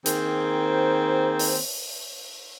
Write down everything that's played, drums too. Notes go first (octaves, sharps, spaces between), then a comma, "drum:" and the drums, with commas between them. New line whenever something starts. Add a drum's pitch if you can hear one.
D#3 A#3 C4 G#4 C5, drum: hi-hat
drum: open hi-hat